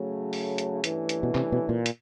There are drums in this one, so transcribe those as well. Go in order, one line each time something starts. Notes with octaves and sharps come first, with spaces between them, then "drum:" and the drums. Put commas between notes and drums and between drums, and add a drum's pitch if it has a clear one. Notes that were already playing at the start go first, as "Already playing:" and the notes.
Already playing: C#3 F#3 A3
drum: open hi-hat
drum: hi-hat
G2 E3 A3 C#4, drum: hi-hat
drum: hi-hat
B2
C3, drum: clap
B2
A#2
drum: hi-hat